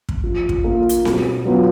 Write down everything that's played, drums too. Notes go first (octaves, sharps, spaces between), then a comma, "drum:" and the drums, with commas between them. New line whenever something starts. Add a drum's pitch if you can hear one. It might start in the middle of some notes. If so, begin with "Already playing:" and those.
drum: kick
F3
drum: kick
A#3 F4
drum: hi-hat
B2, drum: snare C4
F#3 B3 F4